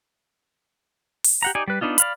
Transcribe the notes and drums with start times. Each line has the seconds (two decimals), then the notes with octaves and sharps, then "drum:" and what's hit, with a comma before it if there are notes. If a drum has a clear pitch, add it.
1.24 drum: open hi-hat
1.43 G4 F#5 A#5
1.55 D#4 G4 D5 G#5
1.68 G3 B4
1.81 B3 D4 D#4 F4
1.98 D5 F5 B5, drum: hi-hat